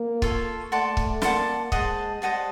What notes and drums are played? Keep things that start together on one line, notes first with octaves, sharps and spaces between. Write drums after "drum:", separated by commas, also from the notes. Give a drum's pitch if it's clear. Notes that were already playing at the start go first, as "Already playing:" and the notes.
Already playing: A#3
F4 A4 C#5, drum: kick C#1
A3 D5 F#5 A5 C6
drum: kick C#1
A#3 D5 F#5 A5 C6, drum: snare
G#3 C5 D#5 F#5 A5, drum: kick C#1
G3 C5 D#5 F#5 A5